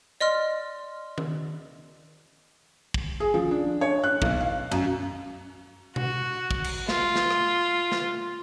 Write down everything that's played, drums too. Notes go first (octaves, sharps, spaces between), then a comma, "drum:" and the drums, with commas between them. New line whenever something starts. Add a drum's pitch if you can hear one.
D5 D#5 C6 F6
drum: tom D#3
drum: kick
G#4
F3
D4
C#5
F#6
B1, drum: kick
F5
F#2, drum: cymbal
F#4, drum: tom B2
drum: kick
drum: cymbal
F4, drum: snare
drum: snare
drum: rim click
drum: snare